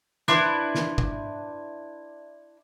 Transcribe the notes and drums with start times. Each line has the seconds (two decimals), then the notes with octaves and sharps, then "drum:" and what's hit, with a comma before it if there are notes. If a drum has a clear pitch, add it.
0.28 D4 E4 B4 C5, drum: snare
0.75 drum: snare
0.98 drum: kick